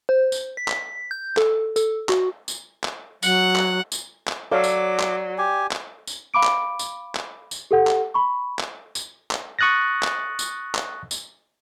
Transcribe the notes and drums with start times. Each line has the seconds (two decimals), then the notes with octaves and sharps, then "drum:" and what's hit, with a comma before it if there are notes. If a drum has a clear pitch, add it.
0.09 C5
0.32 drum: tambourine
0.57 B6
0.68 drum: clap
1.11 G6
1.37 A4, drum: clap
1.76 A4, drum: tambourine
2.09 F#4, drum: clap
2.48 drum: tambourine
2.84 drum: clap
3.23 F#3 F#5, drum: tambourine
3.56 drum: clap
3.92 drum: tambourine
4.28 drum: clap
4.52 F#3 A4 C#5 D5 F5 D6
4.64 drum: tambourine
5.00 drum: clap
5.38 G4 G#5
5.72 drum: clap
6.07 drum: tambourine
6.34 F5 B5 D6 D7
6.43 drum: clap
6.79 drum: tambourine
7.15 drum: clap
7.51 drum: tambourine
7.71 G4 A4 F#5
7.87 drum: clap
8.14 B5 C#6
8.59 drum: clap
8.95 drum: tambourine
9.31 drum: clap
9.59 C#6 D#6 F#6 A6 A#6
10.03 drum: clap
10.39 drum: tambourine
10.75 drum: clap
11.11 drum: tambourine